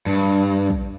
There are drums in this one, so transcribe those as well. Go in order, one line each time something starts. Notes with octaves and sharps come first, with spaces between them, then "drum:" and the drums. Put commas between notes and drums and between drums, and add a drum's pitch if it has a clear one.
G2
drum: kick